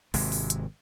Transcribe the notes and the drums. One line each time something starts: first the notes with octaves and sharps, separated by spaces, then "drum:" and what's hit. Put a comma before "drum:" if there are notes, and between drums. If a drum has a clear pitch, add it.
G#1 C3 G#3, drum: open hi-hat
drum: open hi-hat
drum: hi-hat